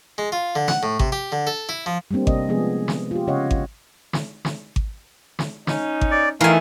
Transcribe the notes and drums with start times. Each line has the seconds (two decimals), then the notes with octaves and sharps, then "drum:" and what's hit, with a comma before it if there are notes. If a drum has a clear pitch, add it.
0.18 G#3
0.32 F4
0.55 D3
0.68 F#5, drum: snare
0.83 A2
1.00 C3, drum: kick G#1
1.12 G4
1.32 D3
1.47 A4
1.69 E4
1.86 F3
2.11 G3 A3 A#3 C4 D4
2.27 C3 D#5, drum: kick G#1
2.49 F3 G#3 B3 G#4
2.88 drum: snare
3.11 F4 G4
3.27 C#3 C#4 C#5 D#5 F5 F#5
3.51 drum: kick G#1
4.13 drum: snare
4.45 drum: snare
4.76 drum: kick G#1
5.39 drum: snare
5.67 C#4 D#4, drum: snare
6.01 drum: kick G#1
6.11 D5
6.41 D#3 E3 A3 A#4 F5 G#5